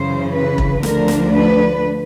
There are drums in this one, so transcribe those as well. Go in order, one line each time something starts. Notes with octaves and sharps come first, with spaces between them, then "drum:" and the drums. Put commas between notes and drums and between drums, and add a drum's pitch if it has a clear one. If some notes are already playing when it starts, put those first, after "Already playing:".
Already playing: F#2 C#3 E3 C5
B4
drum: kick E1
D2 D3 F3 A3 D4 A#4, drum: snare
drum: snare
B4